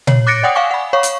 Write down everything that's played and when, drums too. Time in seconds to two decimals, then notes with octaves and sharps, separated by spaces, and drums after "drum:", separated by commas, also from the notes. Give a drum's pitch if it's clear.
0.07 C#5, drum: tom A#2
0.27 D6 F#6 A6 A#6 C#7 D7
0.43 D5 F#5 G5 D#6
0.55 F5 F#5 G#5 C#6 D6
0.71 F#5 B5
0.93 C#5 F5 C#6
1.03 drum: hi-hat